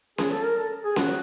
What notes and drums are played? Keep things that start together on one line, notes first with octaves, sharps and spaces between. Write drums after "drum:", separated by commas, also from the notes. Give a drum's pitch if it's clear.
G#4, drum: snare C#4
A4
A#4
A4
G#4
F#4, drum: snare C#4